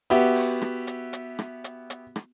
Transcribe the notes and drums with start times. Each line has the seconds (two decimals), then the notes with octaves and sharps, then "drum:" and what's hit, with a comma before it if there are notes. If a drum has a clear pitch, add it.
0.10 B3 F#4 G4 E5, drum: hi-hat
0.36 drum: open hi-hat
0.62 drum: rim click
0.87 drum: hi-hat
1.13 drum: hi-hat
1.39 drum: rim click
1.64 drum: hi-hat
1.90 drum: hi-hat
2.16 drum: rim click